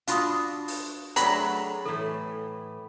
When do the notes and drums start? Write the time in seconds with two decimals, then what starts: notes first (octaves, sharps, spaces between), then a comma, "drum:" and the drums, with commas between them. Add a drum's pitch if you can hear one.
0.08 D4 F4 F#4 F5 B5 D#6, drum: hi-hat
0.68 drum: open hi-hat
1.16 F#3 A3 D4 G#4 G5 A#5 B5, drum: hi-hat
1.85 A2 E3 A4